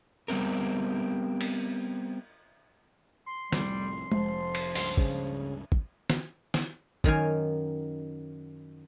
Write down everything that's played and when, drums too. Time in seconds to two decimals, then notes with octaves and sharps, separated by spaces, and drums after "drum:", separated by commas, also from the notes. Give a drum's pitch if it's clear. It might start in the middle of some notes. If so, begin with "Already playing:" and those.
0.28 G3 B3 C4 A#4
1.41 drum: cymbal
3.26 C6
3.52 C2 F2 A2 G3, drum: snare
4.12 F1 F3, drum: tom G#3
4.55 drum: cymbal
4.75 C#2 G2 C6, drum: open hi-hat
4.97 C#3, drum: kick
5.72 drum: kick
6.10 drum: snare
6.54 drum: snare
7.04 F#2 D#3 F5 G#5, drum: kick